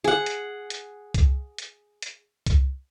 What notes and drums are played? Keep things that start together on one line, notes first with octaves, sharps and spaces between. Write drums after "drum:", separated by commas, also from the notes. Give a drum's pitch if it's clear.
G#4 F#5
drum: hi-hat
drum: hi-hat
drum: kick C2, hi-hat
drum: hi-hat
drum: hi-hat
drum: kick C2, hi-hat